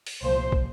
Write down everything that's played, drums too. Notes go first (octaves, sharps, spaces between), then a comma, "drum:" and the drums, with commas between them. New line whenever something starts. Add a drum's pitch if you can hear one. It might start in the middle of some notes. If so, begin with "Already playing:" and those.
drum: open hi-hat
C2 A#2 F3 C5
drum: kick